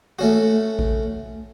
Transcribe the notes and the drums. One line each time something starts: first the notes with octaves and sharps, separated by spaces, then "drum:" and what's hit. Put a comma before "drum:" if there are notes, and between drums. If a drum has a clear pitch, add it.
A3 C#4 F#4
drum: kick A1